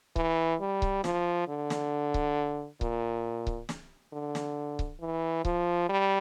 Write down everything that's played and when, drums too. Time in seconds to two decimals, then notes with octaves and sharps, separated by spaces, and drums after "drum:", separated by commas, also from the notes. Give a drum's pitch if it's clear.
0.16 E3, drum: kick C#1
0.60 G3
0.82 drum: kick C#1
1.04 F3, drum: snare
1.48 D3
1.70 drum: snare
2.14 drum: kick C#1
2.81 A#2, drum: kick C#1
3.47 drum: kick C#1
3.69 drum: snare
4.13 D3
4.35 drum: snare
4.79 drum: kick C#1
5.00 E3
5.45 F3, drum: kick C#1
5.89 G3